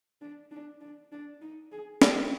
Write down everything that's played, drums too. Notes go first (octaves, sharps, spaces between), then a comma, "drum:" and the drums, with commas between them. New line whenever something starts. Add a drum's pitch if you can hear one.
D4
D4
D4
D4
D#4
G#4
G4, drum: snare